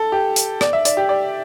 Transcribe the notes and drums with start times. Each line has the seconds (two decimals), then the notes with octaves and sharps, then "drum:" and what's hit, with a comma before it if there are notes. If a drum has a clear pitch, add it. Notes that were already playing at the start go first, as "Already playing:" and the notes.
Already playing: A4
0.12 G4
0.36 drum: hi-hat
0.61 D5, drum: rim click
0.73 E5
0.85 D5, drum: hi-hat
0.97 G4
1.09 D5